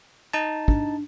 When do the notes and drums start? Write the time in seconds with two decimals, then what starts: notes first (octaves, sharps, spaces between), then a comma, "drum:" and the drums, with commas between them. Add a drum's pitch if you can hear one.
0.33 D#4 A5
0.68 D4, drum: kick